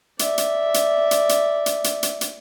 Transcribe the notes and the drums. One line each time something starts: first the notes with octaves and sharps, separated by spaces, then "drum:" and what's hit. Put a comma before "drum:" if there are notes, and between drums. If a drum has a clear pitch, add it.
D5 E5, drum: hi-hat
drum: hi-hat
drum: hi-hat
drum: hi-hat
drum: hi-hat
drum: hi-hat
drum: hi-hat
drum: hi-hat
drum: hi-hat